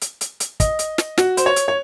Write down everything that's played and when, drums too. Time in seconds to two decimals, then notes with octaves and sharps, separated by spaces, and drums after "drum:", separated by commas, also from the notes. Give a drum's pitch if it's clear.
0.01 drum: hi-hat
0.21 drum: hi-hat
0.40 drum: hi-hat
0.60 D#5, drum: kick, hi-hat
0.79 drum: hi-hat
0.98 drum: snare
1.18 F#4, drum: snare
1.37 C5, drum: hi-hat
1.46 C#5
1.56 drum: hi-hat
1.68 C#5